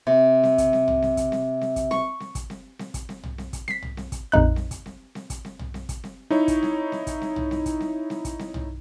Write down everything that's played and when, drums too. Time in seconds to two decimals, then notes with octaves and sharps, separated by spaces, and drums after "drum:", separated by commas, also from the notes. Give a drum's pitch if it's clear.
0.07 C3
0.43 drum: snare C4
0.58 drum: kick, hi-hat
0.73 drum: snare C4
0.88 drum: tom
1.02 drum: snare C4
1.17 drum: kick, hi-hat
1.32 drum: snare C4
1.61 drum: snare C4
1.76 drum: kick, hi-hat
1.91 C#6, drum: snare C4
2.20 drum: snare C4
2.35 drum: kick, hi-hat
2.50 drum: snare C4
2.79 drum: snare C4
2.94 drum: kick, hi-hat
3.09 drum: snare C4
3.24 drum: tom
3.38 drum: snare C4
3.53 drum: kick, hi-hat
3.68 B6 C7, drum: snare C4
3.82 drum: tom
3.97 drum: snare C4
4.12 drum: kick, hi-hat
4.32 A#1 F2 D#4 F#6
4.56 drum: snare C4
4.71 drum: kick, hi-hat
4.86 drum: snare C4
5.15 drum: snare C4
5.30 drum: kick, hi-hat
5.45 drum: snare C4
5.59 drum: tom
5.74 drum: snare C4
5.89 drum: kick, hi-hat
6.04 drum: snare C4
6.30 D#4 E4 C#5, drum: snare C4
6.48 drum: kick, hi-hat
6.63 drum: snare C4
6.92 drum: snare C4
7.07 drum: kick, hi-hat
7.21 drum: snare C4
7.36 drum: tom
7.51 drum: snare C4
7.66 drum: kick, hi-hat
7.80 drum: snare C4
8.10 drum: snare C4
8.25 drum: kick, hi-hat
8.39 drum: snare C4
8.54 drum: tom